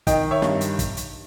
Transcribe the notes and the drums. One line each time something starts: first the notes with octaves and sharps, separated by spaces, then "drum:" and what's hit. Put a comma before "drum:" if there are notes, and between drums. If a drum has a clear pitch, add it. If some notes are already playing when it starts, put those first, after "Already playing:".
D#3 D#5 G5, drum: kick, hi-hat
C#5 E5
G2, drum: snare
drum: hi-hat
drum: kick, hi-hat
drum: hi-hat